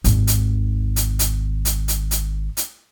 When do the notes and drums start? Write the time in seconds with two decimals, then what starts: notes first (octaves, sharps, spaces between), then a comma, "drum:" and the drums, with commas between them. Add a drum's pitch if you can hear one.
0.04 G#1 D#2, drum: hi-hat
0.27 drum: hi-hat
0.96 drum: hi-hat
1.19 drum: hi-hat
1.65 drum: hi-hat
1.88 drum: hi-hat
2.11 drum: hi-hat
2.57 drum: hi-hat